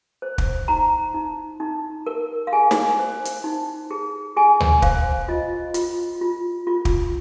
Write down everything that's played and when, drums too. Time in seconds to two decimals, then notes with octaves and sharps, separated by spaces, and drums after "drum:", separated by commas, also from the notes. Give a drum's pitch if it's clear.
0.22 C5
0.38 drum: kick
0.68 D#4 A#5
1.14 D#4
1.60 D#4
2.06 A#4
2.47 F5
2.53 G#4 G#5
2.71 drum: snare
2.99 C5
3.25 drum: hi-hat
3.44 D#4
3.91 G#4
4.37 G#4 G#5
4.60 drum: tom D2
4.82 C5 F5, drum: kick
5.28 F4 D#5
5.74 F4, drum: hi-hat
6.21 F4
6.67 F4
6.85 drum: kick